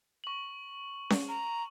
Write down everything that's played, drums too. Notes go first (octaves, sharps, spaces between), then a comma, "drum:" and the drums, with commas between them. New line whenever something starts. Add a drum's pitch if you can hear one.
C#6 F#7
drum: snare C#4
A#5